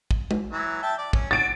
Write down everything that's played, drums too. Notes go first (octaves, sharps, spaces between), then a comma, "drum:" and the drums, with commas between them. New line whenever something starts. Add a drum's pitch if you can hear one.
drum: kick
drum: tom G#3
E3 F#3
E5 G5 A5
D5
C#4, drum: kick
F#4 A6 D7